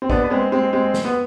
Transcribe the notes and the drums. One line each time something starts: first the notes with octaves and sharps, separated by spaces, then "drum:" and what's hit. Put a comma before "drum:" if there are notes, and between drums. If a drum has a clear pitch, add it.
C4
B3 D4, drum: kick
B3
G#3 C4
G#3 C4
G#3 C4
drum: snare
B3